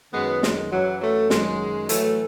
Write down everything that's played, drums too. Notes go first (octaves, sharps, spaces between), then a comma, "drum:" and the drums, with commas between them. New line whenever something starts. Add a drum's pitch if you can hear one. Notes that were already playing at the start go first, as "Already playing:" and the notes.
F#2 D#3 F#3 G#3 B3
G#3, drum: snare
F#2 E3 F#3
F#3 A3
F#2 D#3 F#3 G#3, drum: snare
A2 E3 F#3 A3, drum: hi-hat